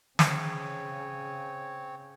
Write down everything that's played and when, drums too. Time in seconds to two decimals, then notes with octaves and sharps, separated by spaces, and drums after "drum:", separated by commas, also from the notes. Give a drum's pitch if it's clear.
0.19 C#3 C4 C#5, drum: snare